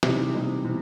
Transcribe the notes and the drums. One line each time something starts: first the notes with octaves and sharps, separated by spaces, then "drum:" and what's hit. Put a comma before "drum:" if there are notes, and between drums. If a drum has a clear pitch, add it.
C3 E3 G3 D#4, drum: snare
C3 E3 G3 D#4
C3 E3